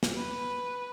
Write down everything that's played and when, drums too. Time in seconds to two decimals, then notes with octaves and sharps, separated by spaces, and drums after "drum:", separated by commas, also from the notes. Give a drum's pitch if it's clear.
0.03 drum: snare
0.18 B4